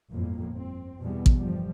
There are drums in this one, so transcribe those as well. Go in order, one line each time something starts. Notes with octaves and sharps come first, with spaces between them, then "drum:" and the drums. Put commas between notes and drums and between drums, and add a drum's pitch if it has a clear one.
G1 F2 A2 A#3
C4
E2 B2 E3 G3 B3
drum: kick
G1 F3 G3